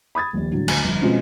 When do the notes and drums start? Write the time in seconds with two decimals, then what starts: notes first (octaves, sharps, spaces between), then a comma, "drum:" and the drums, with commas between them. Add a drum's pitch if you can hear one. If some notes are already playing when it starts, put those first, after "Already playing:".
0.15 B5 D#6 G#6 A6
0.33 D#1 A#1 G3
0.51 F2 A2 D3 F#3
0.68 D2 G#5, drum: cymbal
0.84 G1 F2
1.01 B2 F3 G#3 C4 C#4 F4